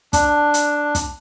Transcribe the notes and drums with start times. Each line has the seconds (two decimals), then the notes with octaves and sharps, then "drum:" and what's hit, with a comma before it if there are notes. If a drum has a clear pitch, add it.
0.13 D4, drum: kick, hi-hat
0.54 drum: hi-hat
0.95 drum: kick, hi-hat